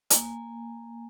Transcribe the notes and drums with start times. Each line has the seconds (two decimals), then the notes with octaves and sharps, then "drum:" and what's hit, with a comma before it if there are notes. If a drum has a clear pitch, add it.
0.10 A#3 G#5, drum: hi-hat